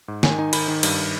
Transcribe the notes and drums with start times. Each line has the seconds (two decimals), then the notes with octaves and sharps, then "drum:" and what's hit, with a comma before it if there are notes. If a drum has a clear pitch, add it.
0.08 G#2
0.23 D#3 G#5, drum: snare
0.39 D#4 G#5
0.53 D#3 B5, drum: cymbal
0.68 D#3
0.83 G2, drum: cymbal